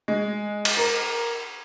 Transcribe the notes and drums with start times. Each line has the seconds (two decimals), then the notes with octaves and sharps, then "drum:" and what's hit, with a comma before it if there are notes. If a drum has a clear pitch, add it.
0.08 G#3
0.65 drum: cymbal
0.77 A#4